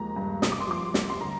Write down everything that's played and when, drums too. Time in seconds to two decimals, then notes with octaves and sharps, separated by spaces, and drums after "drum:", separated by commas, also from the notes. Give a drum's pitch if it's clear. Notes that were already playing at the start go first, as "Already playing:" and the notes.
Already playing: D#2 F3 G#3 A#5
0.16 G2
0.42 C3 D#6, drum: snare
0.52 D6
0.60 C6
0.68 F3 D6
0.94 C2, drum: snare
1.10 C6
1.21 D3 A#5